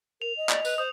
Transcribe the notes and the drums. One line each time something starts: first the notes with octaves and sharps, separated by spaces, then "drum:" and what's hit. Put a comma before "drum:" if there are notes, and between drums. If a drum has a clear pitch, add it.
A#4 F7
D#5
D5, drum: clap
B4, drum: tambourine
C5 D#6